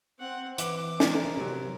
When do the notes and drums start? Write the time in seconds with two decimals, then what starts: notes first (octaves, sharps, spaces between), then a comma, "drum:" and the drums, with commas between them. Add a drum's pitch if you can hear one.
0.19 C4 F#5
0.58 E3 D6, drum: hi-hat
1.00 A#4, drum: snare
1.37 C3 F#3